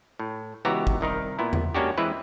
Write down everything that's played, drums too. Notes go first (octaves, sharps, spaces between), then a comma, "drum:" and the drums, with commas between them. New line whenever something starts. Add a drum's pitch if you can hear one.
A2
C#2 E3 B3 F#4 G4 A#5
drum: kick
C2 D#3 D#4 A#4
A#2 B3 E4
drum: tom E2
G#3 A#3 C#4 D4 F#4 G4
E3 G#3 C4 E4 B4